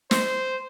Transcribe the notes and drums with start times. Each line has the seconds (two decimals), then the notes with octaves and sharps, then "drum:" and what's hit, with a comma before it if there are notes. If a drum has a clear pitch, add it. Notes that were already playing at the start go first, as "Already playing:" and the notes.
0.11 C5, drum: snare